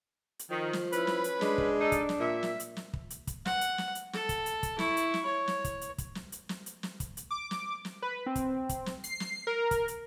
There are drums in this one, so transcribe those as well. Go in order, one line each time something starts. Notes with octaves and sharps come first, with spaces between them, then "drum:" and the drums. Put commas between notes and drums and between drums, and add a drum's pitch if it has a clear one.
drum: hi-hat
D#3 F3
drum: snare
C#4 E4 B4, drum: hi-hat
drum: snare
drum: hi-hat
G#3 D4, drum: snare
drum: kick
D#4 A4
drum: kick, hi-hat
drum: snare
A#2 E5
drum: snare
drum: hi-hat
drum: snare
drum: kick
drum: hi-hat
drum: kick, hi-hat
F#5, drum: snare
drum: hi-hat
drum: snare
drum: hi-hat
A4, drum: snare
drum: kick, hi-hat
drum: hi-hat
drum: kick, hi-hat
E4 C#6, drum: snare
drum: hi-hat
drum: snare
C#5
drum: snare
drum: kick, hi-hat
drum: hi-hat
drum: kick, hi-hat
drum: snare
drum: hi-hat
drum: snare
drum: hi-hat
drum: snare
drum: kick, hi-hat
drum: hi-hat
D6
drum: snare
drum: snare
B4
C4
drum: kick, hi-hat
drum: kick, hi-hat
drum: snare
C7, drum: hi-hat
drum: snare
A#4
drum: kick, hi-hat
drum: hi-hat